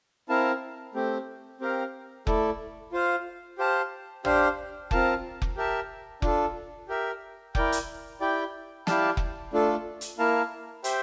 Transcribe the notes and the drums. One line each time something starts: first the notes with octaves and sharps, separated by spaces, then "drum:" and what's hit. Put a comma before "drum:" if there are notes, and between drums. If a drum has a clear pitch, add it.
C4 E4 A#4 F5 A5
A3 C4 G4
C4 G4 A#4 F5
A3 E4 A4 D5, drum: kick F1
F4 C5 F5
G4 C5 F5 A5
D4 G4 C5 F5, drum: tom G#1
C4 F4 A#4 F5 A5, drum: kick F1
drum: kick F1
G4 A#4 E5 A5
D4 F4 A4, drum: kick F1
G4 A#4 E5
E4 A#4 D5 G5, drum: kick F1
drum: hi-hat
E4 G4 D5 G5
E4 G4 D5 F5 A5, drum: snare
drum: kick F1
A3 D4 F4 A4
drum: hi-hat
A#3 E4 A#4 F5 A5
G4 C5 E5 G5, drum: hi-hat